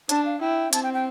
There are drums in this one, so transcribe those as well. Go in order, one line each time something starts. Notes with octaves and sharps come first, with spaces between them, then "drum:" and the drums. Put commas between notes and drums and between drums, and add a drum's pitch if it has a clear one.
D4 A5, drum: hi-hat
F5
E4 G5
C4 A5, drum: hi-hat
G5
G5